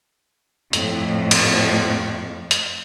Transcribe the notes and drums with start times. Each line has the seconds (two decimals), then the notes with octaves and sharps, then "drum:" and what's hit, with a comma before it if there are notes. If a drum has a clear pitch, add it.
0.73 F2 A2, drum: hi-hat
1.31 drum: cymbal
2.51 drum: hi-hat